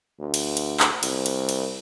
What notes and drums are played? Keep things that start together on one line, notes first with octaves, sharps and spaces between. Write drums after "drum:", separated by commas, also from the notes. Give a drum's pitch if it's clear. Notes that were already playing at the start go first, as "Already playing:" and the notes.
D2
drum: cymbal
drum: cymbal
drum: clap
C2, drum: cymbal
drum: cymbal
drum: cymbal